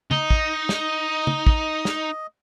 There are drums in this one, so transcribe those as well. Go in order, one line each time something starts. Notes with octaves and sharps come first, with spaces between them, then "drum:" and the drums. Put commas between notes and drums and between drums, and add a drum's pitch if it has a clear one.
D#4 D#5, drum: tom
drum: kick
drum: snare
drum: tom
drum: kick
drum: snare